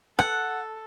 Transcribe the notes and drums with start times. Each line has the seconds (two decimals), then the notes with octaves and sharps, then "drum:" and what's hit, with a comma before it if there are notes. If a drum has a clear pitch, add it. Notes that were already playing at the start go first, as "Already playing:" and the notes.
0.19 A4 F#5, drum: rim click